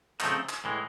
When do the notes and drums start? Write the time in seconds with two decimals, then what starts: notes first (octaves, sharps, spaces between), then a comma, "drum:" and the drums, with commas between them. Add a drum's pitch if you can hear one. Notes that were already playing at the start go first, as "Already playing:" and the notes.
0.20 C#3 F3 A3 C4 D#4, drum: clap
0.49 drum: clap
0.64 A2 E3 G#3